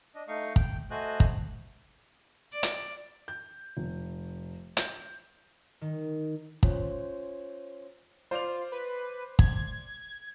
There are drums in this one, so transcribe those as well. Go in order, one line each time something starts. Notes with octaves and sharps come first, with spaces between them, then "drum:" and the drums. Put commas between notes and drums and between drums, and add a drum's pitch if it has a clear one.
D4 D#5
A3 D#4 D#5 F5 C#6
G5, drum: kick
A3 F#4 C5 D#5 G#5 F#6
drum: kick
D5
drum: hi-hat
G6
F1
G6, drum: hi-hat
D#3
C#4 F4 C5 C#5, drum: kick
F4 C5 D5 F7
B4
G#6, drum: kick